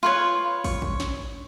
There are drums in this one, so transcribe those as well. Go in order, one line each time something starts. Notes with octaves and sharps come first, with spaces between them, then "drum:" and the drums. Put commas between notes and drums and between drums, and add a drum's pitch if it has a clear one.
F4 B4 C#5
C#5, drum: kick, open hi-hat
drum: kick
drum: snare